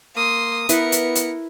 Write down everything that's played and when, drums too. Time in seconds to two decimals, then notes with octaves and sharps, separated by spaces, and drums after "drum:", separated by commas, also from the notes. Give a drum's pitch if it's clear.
0.16 A#3 C6 D#6
0.69 B3 E4 A#4 B4 C#7, drum: hi-hat
0.92 drum: hi-hat
1.16 drum: hi-hat